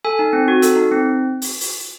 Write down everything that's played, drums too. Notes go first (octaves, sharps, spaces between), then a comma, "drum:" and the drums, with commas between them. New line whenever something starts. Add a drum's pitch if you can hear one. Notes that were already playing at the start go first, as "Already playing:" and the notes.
A4 G#5
D#4
C4
F#4
A4, drum: hi-hat
D#4
C4
drum: open hi-hat
drum: open hi-hat